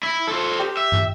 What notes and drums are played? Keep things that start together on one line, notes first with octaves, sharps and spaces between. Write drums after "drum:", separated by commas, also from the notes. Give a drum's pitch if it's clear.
E4
A4 C5
G4
E5
drum: tom